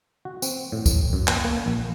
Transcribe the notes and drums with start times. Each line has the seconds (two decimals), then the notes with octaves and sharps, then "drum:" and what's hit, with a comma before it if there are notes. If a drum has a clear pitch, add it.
0.25 F#4
0.42 C4, drum: tambourine
0.72 A2
0.86 drum: kick, tambourine
1.13 F#2
1.27 A#3, drum: clap
1.44 A#3
1.66 A#1